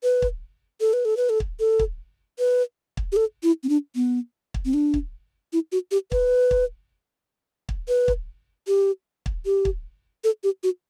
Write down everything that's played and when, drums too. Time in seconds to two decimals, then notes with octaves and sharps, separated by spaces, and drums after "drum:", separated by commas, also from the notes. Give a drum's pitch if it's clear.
0.03 B4
0.22 drum: kick
0.81 A4
0.93 B4
1.05 A4
1.17 B4
1.29 A4
1.40 drum: kick
1.60 A4
1.79 drum: kick
2.39 B4
2.97 drum: kick
3.12 G4
3.16 A4
3.43 E4
3.63 C4
3.69 D4
3.95 B3
4.54 drum: kick
4.65 C4
4.74 D4
4.94 drum: kick
5.53 E4
5.72 F#4
5.91 G4
6.12 B4, drum: kick
6.51 drum: kick
7.69 drum: kick
7.88 B4
8.08 drum: kick
8.67 G4
9.26 drum: kick
9.46 G4
9.65 drum: kick
10.24 A4
10.44 G4
10.63 F#4